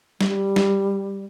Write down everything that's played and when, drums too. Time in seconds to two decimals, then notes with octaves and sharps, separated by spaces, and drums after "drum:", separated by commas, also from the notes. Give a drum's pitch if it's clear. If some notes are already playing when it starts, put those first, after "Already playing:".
0.21 G3, drum: snare
0.56 drum: snare